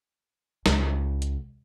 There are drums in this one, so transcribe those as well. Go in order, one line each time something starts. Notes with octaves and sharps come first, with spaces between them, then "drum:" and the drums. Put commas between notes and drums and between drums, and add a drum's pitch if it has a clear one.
C#2, drum: snare
drum: hi-hat